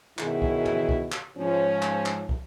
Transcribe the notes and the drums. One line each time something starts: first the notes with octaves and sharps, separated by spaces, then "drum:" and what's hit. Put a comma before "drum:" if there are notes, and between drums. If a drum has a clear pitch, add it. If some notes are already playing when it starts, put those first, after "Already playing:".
F#2 B2 D#3 E4 G#4, drum: clap
drum: kick
drum: tom
drum: kick
drum: clap
G#2 F3 C#4
drum: clap
drum: clap
drum: kick